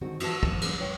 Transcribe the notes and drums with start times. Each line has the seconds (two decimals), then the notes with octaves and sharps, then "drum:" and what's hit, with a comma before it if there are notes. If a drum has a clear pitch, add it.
0.01 D3 D#3 G#3 C4 F#4
0.20 E3 F3 F#4 B4 A5, drum: cymbal
0.43 F2, drum: kick
0.61 G#2 C#3 E3 F#3 G#3 A#3, drum: cymbal
0.80 F#2 B4 C#5 G5